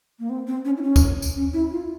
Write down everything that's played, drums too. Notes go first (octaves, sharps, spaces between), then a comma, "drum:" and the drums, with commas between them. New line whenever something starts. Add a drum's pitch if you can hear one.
A#3
C4
C4
C#4
E4
C#4
drum: kick, tambourine
drum: tambourine
C#4
E4
F4